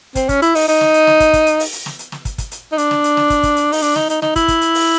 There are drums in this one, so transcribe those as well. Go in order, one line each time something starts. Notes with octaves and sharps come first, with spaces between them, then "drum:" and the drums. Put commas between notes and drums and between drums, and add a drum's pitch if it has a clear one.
C4, drum: kick, hi-hat
C#4, drum: kick, hi-hat
E4, drum: hi-hat
D#4, drum: open hi-hat
D#4, drum: hi-hat
drum: snare
drum: hi-hat
drum: snare
drum: kick, hi-hat
drum: kick, hi-hat
drum: hi-hat
drum: open hi-hat
drum: hi-hat
drum: snare
drum: hi-hat
drum: snare
drum: kick, hi-hat
drum: kick, hi-hat
drum: hi-hat
D#4
D4, drum: hi-hat
drum: snare
drum: hi-hat
drum: snare
drum: kick, hi-hat
drum: kick, hi-hat
drum: hi-hat
D#4, drum: open hi-hat
D4, drum: hi-hat
D#4, drum: snare
D#4, drum: hi-hat
D#4, drum: snare
E4, drum: kick, hi-hat
drum: kick, hi-hat
drum: hi-hat
drum: open hi-hat